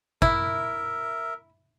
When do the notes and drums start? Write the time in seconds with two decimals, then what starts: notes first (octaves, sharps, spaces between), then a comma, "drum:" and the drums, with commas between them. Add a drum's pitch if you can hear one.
0.22 E4 A#4 E5, drum: kick